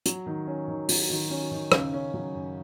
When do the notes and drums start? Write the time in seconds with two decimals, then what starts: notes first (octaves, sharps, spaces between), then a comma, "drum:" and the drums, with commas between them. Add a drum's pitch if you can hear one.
0.06 F#3, drum: hi-hat
0.26 D#3
0.47 C#4
0.68 D#3
0.89 F#3, drum: open hi-hat
1.10 D#3
1.30 C#4
1.52 D#3
1.72 C#3, drum: rim click
1.93 C#4
2.14 F#3
2.35 F#2